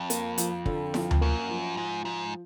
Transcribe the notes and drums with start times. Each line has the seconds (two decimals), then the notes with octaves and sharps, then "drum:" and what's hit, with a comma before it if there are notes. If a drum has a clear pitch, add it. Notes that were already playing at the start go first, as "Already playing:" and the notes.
Already playing: F2
0.10 A#3, drum: hi-hat
0.38 F3, drum: hi-hat
0.66 D3, drum: kick
0.94 F3, drum: snare E4
1.11 drum: tom D2
1.21 F#2 A#3
1.49 F3
1.77 G#2 F3
2.04 G#2 F3